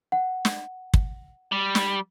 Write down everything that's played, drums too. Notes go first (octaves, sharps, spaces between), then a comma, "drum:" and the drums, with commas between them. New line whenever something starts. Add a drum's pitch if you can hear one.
F#5
drum: snare
drum: kick
G3
drum: snare